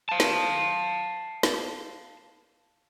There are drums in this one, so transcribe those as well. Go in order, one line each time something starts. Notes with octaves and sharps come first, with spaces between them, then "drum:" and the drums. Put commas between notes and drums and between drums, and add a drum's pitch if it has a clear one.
F5 A5
drum: snare
drum: snare